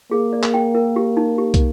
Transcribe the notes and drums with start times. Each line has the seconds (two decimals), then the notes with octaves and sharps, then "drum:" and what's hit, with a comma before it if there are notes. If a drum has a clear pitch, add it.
0.11 A#3 G#4
0.33 D5
0.43 drum: clap
0.54 G5
0.75 A#4
0.96 G4
1.17 D#4
1.38 G4
1.54 drum: kick, hi-hat